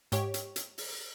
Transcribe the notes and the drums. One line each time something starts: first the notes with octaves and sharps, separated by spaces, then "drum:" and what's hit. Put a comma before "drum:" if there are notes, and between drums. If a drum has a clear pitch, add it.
G#2 G4 C#5, drum: hi-hat
drum: hi-hat
drum: hi-hat
drum: open hi-hat